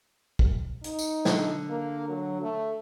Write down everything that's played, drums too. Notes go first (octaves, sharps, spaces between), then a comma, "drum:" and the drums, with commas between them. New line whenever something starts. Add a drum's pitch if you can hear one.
drum: kick
D#4, drum: hi-hat
drum: tambourine
D3, drum: snare
A#3
F#3
A3